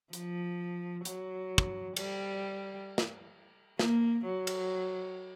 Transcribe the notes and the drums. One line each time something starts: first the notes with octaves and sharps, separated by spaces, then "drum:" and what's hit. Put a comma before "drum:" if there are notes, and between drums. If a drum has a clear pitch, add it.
F3, drum: hi-hat
F#3, drum: hi-hat
drum: kick
G3, drum: cymbal
drum: snare
A#3, drum: snare
F#3
drum: cymbal